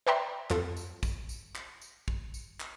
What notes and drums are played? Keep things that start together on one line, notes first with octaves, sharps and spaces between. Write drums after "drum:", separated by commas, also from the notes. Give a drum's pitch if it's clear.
B4 D5 E5 G5 A#5 C6
F2 F3 A4, drum: clap
drum: tambourine
drum: kick, tambourine
drum: tambourine
drum: clap
drum: tambourine
drum: kick
drum: tambourine
drum: clap